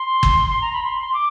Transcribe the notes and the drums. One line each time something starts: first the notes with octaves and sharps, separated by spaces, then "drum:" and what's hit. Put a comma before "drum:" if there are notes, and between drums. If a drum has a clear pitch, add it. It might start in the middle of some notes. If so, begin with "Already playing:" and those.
Already playing: C6
drum: kick
A#5
B5
C6
C6
D6